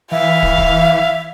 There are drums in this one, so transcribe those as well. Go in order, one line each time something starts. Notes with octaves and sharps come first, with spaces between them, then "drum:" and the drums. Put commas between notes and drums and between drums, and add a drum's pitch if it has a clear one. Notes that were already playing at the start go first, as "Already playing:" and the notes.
E3 E5 F5
drum: kick
drum: kick